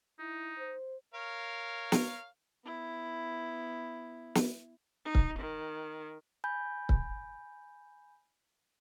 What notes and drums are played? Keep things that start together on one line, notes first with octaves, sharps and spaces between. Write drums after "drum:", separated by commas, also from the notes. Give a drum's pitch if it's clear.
D#4 E4
C5
A#4 C#5 F5
drum: snare
B3 E4
drum: snare
D#4
drum: kick C#1
D#3
G#5 B5 G6
drum: kick C#1